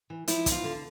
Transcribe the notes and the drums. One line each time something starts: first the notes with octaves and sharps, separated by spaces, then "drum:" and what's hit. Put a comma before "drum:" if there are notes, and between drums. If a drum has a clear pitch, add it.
E3
F3 E4, drum: hi-hat
E2, drum: kick, hi-hat
F4
D3